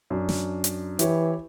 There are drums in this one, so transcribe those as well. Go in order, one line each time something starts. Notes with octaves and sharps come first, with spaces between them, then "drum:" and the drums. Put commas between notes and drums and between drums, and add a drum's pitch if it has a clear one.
F#2 D4
drum: snare
drum: hi-hat
E3 E4 G4 C#5, drum: hi-hat